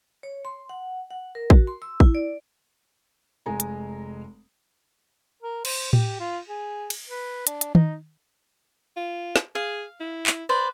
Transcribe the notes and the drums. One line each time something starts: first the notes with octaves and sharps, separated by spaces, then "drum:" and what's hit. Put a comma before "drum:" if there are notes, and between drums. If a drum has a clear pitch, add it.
C#5
C6
F#5
F#5
A#4
F#4, drum: kick A1
C6
E6
E4, drum: kick A1
D5
F1 G#3 G#5 A#5
drum: hi-hat
A#4
C5, drum: cymbal
G4, drum: tom A2
F4
G#4
drum: cymbal
B4
D4, drum: hi-hat
drum: hi-hat
D#4, drum: tom D#3
F4
drum: snare
G#4 F5
E4
drum: clap
B4 C5 D5